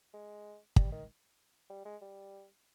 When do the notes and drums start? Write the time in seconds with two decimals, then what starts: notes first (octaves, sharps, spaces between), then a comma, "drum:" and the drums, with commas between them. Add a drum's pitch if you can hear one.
0.13 G#3
0.76 G3, drum: kick
0.92 D#3
1.70 G3
1.85 G#3
2.01 G3